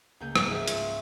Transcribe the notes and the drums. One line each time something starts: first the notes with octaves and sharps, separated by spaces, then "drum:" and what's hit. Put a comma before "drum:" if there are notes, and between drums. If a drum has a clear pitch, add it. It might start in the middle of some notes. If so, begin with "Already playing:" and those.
C#2 A#3 G6 D#7
G#2, drum: rim click
D#5 E5
F4 C#5, drum: hi-hat